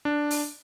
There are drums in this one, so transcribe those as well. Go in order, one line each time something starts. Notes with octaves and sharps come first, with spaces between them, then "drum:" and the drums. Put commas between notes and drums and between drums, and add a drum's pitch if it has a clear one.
D4
drum: open hi-hat